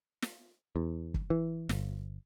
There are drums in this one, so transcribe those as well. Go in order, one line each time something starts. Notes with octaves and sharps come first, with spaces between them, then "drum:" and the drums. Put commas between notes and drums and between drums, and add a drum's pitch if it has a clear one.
drum: snare
E2
drum: kick
E3
G1, drum: snare